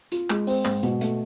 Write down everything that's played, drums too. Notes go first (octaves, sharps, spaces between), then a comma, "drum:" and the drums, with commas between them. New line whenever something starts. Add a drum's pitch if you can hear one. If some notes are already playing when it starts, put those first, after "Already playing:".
F4, drum: hi-hat
G#3, drum: clap
C4, drum: open hi-hat
G#2, drum: clap
B2, drum: hi-hat
A3, drum: hi-hat